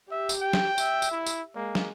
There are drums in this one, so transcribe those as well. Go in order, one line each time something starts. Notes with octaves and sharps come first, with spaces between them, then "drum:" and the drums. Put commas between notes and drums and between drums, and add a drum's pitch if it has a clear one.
G4 E5
drum: tambourine
G5
drum: snare
E5, drum: tambourine
drum: tambourine
E4
drum: tambourine
G#3 A#3
drum: snare